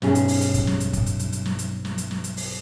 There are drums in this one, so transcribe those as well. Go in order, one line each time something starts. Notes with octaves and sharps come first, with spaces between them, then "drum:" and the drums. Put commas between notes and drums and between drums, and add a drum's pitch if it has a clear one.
B1 G2 C#4 G#4, drum: snare
drum: hi-hat
drum: open hi-hat
drum: hi-hat
drum: kick, hi-hat
drum: snare
drum: hi-hat
drum: kick, hi-hat
drum: hi-hat
drum: hi-hat
drum: hi-hat
drum: snare
drum: hi-hat
drum: snare
drum: hi-hat
drum: snare
drum: hi-hat
drum: open hi-hat